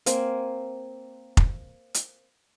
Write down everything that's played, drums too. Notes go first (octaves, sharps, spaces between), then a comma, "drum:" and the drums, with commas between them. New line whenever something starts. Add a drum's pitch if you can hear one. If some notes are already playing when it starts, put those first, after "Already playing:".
A#3 C4 G#5, drum: hi-hat
drum: kick F1
drum: hi-hat